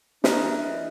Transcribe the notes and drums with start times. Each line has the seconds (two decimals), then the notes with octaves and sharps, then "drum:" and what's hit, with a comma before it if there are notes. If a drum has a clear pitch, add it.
0.24 E3 D4 A#4 D#5, drum: snare